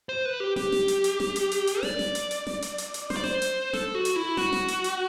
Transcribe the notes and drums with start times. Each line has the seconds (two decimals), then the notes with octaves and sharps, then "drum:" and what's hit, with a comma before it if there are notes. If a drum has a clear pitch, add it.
0.09 C5
0.25 B4
0.40 G4
0.56 G4, drum: snare
0.72 drum: snare
0.88 drum: hi-hat
1.04 drum: hi-hat
1.20 drum: snare
1.36 drum: hi-hat
1.52 drum: hi-hat
1.67 drum: hi-hat
1.83 D5, drum: snare
1.99 drum: snare
2.15 drum: hi-hat
2.31 drum: hi-hat
2.47 drum: snare
2.62 drum: hi-hat
2.78 drum: hi-hat
2.94 drum: hi-hat
3.10 C5, drum: snare
3.17 D5
3.24 C5, drum: snare
3.42 drum: hi-hat
3.73 A4, drum: snare
3.95 F#4
4.05 drum: hi-hat
4.16 E4
4.37 F#4, drum: snare
4.53 drum: snare
4.68 drum: hi-hat
4.84 drum: hi-hat